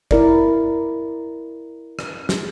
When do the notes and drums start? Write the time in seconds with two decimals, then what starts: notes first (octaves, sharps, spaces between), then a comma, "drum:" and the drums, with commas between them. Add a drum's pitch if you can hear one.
0.11 E4 A#4 D5, drum: kick G1
1.99 drum: rim click
2.29 drum: snare